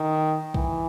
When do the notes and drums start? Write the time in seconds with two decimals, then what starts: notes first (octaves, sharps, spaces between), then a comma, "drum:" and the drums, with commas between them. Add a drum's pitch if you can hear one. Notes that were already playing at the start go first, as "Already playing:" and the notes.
Already playing: D#3
0.54 E3, drum: kick B1